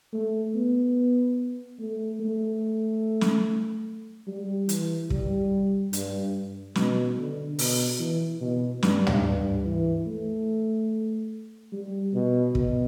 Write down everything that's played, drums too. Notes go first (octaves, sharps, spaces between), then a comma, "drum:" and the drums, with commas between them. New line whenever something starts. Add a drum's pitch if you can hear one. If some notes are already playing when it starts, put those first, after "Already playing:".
A3
B3
A3
A3
drum: snare
G3
E3, drum: hi-hat
G3, drum: kick
G2, drum: hi-hat
B2, drum: snare
D3
B2, drum: open hi-hat
E3
B2
G2, drum: snare
drum: tom
G2
E3
A3
G3
B2
B2, drum: kick